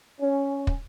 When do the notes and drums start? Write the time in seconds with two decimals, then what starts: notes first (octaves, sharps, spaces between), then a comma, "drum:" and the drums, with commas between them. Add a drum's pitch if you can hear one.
0.21 C#4
0.67 drum: kick